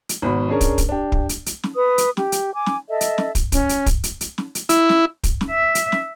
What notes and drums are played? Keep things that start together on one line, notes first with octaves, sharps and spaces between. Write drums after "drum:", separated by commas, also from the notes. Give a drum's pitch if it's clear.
drum: hi-hat
G#1 B2 B5
C#4 D4 G#4 A#4 C#5
drum: kick, hi-hat
drum: kick, hi-hat
D4 G4
drum: kick
drum: hi-hat
drum: hi-hat
drum: snare
B4 D#6
drum: hi-hat
G4, drum: snare
drum: hi-hat
G#5 D6
drum: snare
A4 D#5 E5
drum: hi-hat
drum: snare
drum: kick, hi-hat
C#4, drum: kick, hi-hat
drum: hi-hat
drum: kick, hi-hat
drum: hi-hat
drum: hi-hat
drum: snare
drum: hi-hat
E4, drum: hi-hat
drum: snare
drum: kick, hi-hat
drum: snare
E5
drum: hi-hat
drum: snare